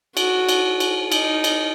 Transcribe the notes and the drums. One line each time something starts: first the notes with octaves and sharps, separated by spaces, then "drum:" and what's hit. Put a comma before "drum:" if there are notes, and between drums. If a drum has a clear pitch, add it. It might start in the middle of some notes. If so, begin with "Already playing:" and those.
F#4, drum: cymbal
drum: cymbal
drum: cymbal
D#4, drum: cymbal
drum: cymbal